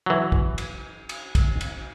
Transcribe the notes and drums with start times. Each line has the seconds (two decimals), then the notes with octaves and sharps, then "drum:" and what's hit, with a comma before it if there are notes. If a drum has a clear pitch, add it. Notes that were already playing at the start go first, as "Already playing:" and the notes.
0.06 E3 F#3
0.32 drum: kick
0.58 drum: cymbal
1.09 drum: cymbal
1.35 drum: kick, cymbal
1.61 drum: cymbal